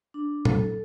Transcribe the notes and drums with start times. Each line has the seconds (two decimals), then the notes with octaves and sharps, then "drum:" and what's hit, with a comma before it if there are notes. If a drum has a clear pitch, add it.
0.14 D4
0.45 A4, drum: tom A#2